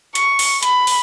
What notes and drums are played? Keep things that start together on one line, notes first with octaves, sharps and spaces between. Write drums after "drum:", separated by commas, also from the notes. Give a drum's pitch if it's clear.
C#6, drum: hi-hat
drum: open hi-hat
B5, drum: hi-hat
drum: open hi-hat